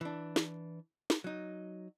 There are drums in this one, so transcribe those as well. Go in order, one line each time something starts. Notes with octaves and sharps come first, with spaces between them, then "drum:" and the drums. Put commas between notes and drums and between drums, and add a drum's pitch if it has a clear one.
E3 D4
drum: snare
drum: snare
F#3 D#4